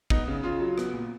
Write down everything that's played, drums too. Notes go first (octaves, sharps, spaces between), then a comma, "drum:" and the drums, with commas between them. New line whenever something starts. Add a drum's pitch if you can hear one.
B3 D#4, drum: kick
C#3
C#3 F4
F#3
B3, drum: rim click
A#2